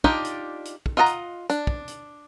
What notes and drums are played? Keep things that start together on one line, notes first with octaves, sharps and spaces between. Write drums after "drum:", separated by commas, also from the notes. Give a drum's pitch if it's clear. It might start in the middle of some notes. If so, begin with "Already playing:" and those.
D4 D#4 F4 G4 D5, drum: kick
drum: hi-hat
drum: hi-hat
drum: kick
F4 D#5 F#5 A5 A#5
drum: hi-hat
D4, drum: hi-hat
drum: kick
drum: hi-hat